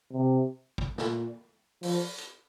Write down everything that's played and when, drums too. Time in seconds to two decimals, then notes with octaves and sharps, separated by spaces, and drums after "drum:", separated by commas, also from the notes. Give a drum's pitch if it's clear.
0.13 C3
0.78 drum: kick
0.98 A#2, drum: snare
1.83 F3, drum: open hi-hat
2.18 drum: hi-hat